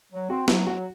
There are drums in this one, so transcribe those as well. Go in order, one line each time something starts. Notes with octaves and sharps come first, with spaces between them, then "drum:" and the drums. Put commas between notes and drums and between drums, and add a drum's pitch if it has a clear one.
F#3
C4 F#4
F#3 E4, drum: snare
F#3 F#4